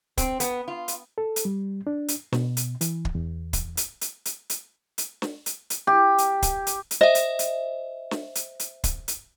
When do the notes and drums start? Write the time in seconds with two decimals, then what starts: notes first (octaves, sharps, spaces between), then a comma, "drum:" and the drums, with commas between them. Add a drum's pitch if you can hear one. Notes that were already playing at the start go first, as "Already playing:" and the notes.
0.17 C4, drum: kick, hi-hat
0.40 B3, drum: hi-hat
0.68 F4
0.88 drum: hi-hat
1.18 A4
1.36 drum: hi-hat
1.45 G3
1.87 D4
2.08 drum: hi-hat
2.33 B2, drum: snare
2.57 drum: hi-hat
2.81 E3, drum: hi-hat
3.05 drum: kick
3.15 E2
3.53 drum: kick, hi-hat
3.77 drum: hi-hat
4.01 drum: hi-hat
4.25 drum: hi-hat
4.50 drum: hi-hat
4.98 drum: hi-hat
5.22 drum: snare
5.46 drum: hi-hat
5.70 drum: hi-hat
5.87 G4
6.18 drum: hi-hat
6.42 drum: kick, hi-hat
6.67 drum: hi-hat
6.91 drum: hi-hat
7.01 C5 D#5 E5
7.15 drum: hi-hat
7.39 drum: hi-hat
8.11 drum: snare
8.35 drum: hi-hat
8.59 drum: hi-hat
8.84 drum: kick, hi-hat
9.08 drum: hi-hat